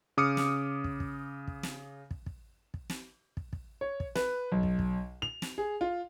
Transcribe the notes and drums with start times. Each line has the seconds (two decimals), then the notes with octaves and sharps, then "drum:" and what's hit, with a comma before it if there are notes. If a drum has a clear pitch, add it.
0.17 C#3 D6 D#6 F6 C#7
0.37 drum: snare
0.84 drum: kick
1.00 drum: kick
1.48 drum: kick
1.63 drum: snare
2.11 drum: kick
2.26 drum: kick
2.74 drum: kick
2.90 drum: snare
3.37 drum: kick
3.53 drum: kick
3.81 C#5
4.00 drum: kick
4.15 B4, drum: snare
4.52 B1
4.63 drum: kick
4.79 drum: kick
5.22 F7
5.42 drum: snare
5.58 G#4
5.81 F4